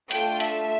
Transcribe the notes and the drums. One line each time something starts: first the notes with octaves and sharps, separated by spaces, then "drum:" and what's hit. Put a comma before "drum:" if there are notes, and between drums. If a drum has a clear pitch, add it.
A3 D4 F4 A4 G5, drum: hi-hat
E5, drum: hi-hat